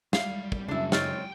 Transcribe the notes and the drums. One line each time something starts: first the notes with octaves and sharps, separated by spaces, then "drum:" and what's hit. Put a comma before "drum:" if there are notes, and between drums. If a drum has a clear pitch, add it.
G3 F5, drum: snare
drum: kick
F#2 C#3 D4 E4
C4 D#4 C#5 D#5 F#5 G5 F6 A6, drum: snare